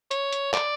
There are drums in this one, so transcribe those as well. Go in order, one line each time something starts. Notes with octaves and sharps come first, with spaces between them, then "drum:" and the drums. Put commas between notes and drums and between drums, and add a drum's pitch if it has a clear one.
C#5, drum: hi-hat
drum: hi-hat
D5, drum: clap